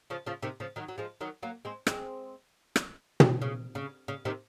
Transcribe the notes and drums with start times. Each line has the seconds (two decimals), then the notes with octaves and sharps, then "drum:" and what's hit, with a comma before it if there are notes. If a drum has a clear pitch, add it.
0.10 C#3 F3
0.26 C#3 F3
0.43 C3 D#3
0.60 C#3 F3
0.76 D#3 F#3
0.88 F#3
0.98 F3 G#3
1.21 D#3 F#3
1.43 F#3 A#3
1.65 G#3 C4
1.87 G#3 C4, drum: rim click
2.76 drum: rim click
3.20 drum: tom
3.42 C#3
3.75 C#3
4.08 C#3
4.25 C3 D#3